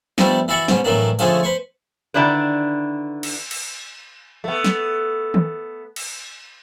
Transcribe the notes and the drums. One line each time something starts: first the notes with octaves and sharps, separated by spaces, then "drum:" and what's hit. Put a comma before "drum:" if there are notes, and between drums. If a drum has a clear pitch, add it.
F3 G3 A3 B3 D4, drum: snare
E3 E4 F#4 D5 F#5 C#6
G#2 B2 B3 C#4, drum: snare
A2 E3 F#3 A#3 D4
D3 F3 A3 C#4 F4 G#4, drum: hi-hat
B4 C5 C#6
D3 D#3 D4 E4 B4
drum: cymbal
drum: cymbal
A3 B3
drum: snare
drum: tom D#3
drum: cymbal